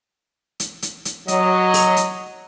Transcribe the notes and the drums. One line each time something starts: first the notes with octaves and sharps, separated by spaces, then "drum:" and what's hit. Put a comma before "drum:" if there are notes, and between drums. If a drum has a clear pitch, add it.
drum: hi-hat
drum: hi-hat
drum: hi-hat
F#3 D#5, drum: hi-hat
drum: open hi-hat
drum: hi-hat